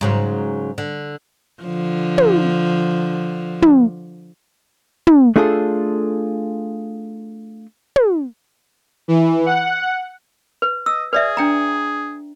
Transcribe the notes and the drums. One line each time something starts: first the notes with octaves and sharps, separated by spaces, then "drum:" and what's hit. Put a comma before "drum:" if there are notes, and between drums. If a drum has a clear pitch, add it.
G#2 C#3 F#3
D3
D3 F3
drum: tom
drum: tom
drum: tom
A3 D4 F4 G#4 A4
drum: tom
E3
F#5
B4
D#5 E6
G#4 B4 D5 E5
D4 G5 A#5